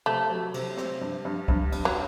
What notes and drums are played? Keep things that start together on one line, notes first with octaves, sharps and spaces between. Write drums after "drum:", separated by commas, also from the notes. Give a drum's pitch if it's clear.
C3 A3
F#3
C3, drum: cymbal
C4, drum: rim click
G2
G2
G2, drum: kick C2
G2, drum: cymbal
F#3